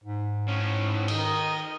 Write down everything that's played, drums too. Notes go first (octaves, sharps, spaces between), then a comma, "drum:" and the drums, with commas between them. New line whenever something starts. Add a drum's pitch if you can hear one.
G#2
A2 C#4
D#3 D#5, drum: cymbal